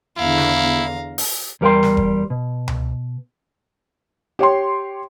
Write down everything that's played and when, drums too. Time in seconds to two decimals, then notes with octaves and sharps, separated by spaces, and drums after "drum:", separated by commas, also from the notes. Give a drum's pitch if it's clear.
0.17 E2 D3 E4 F5 A#5
0.38 drum: snare
1.18 drum: open hi-hat
1.61 E2 G3 A#4 F5 G5 C6
1.83 drum: snare
1.97 drum: kick
2.30 B2
2.68 drum: tom C#2
4.39 G4 C#5 G5 C6